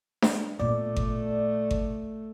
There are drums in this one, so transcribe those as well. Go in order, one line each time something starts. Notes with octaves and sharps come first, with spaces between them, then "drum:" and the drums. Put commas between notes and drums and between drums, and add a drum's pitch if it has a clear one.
drum: snare D4
A#2 A3 B3 D5
drum: kick G#1
drum: kick G#1